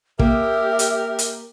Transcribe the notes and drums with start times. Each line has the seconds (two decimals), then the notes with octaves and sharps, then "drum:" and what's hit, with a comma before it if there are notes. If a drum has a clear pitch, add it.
0.19 A#3 G4 A#4 E5, drum: kick
0.79 drum: hi-hat
1.19 drum: hi-hat